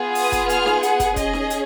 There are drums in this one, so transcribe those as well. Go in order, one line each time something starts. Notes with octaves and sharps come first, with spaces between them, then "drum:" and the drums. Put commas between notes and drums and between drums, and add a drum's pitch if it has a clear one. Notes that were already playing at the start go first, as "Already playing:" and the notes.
Already playing: B3 F4 G#4
D#6, drum: open hi-hat
drum: kick, hi-hat
F6, drum: hi-hat
drum: snare D#4
F#5, drum: hi-hat
drum: kick, hi-hat
C#4 G#4 D#5, drum: kick, hi-hat
drum: snare D#4
drum: hi-hat